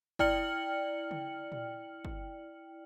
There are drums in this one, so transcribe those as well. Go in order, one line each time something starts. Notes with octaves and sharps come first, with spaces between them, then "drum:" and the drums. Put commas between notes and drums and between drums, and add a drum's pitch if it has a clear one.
E4 D5 G5 F6 C#7 F#7, drum: kick
drum: tom C#3
drum: tom A#2
drum: kick